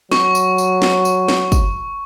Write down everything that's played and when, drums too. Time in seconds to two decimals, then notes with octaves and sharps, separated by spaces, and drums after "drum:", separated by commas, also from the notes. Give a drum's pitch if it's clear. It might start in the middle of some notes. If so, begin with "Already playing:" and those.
0.12 F#3 C#6, drum: snare
0.35 drum: tambourine
0.58 drum: tambourine
0.82 drum: snare
1.05 drum: tambourine
1.28 drum: snare
1.52 drum: kick, tambourine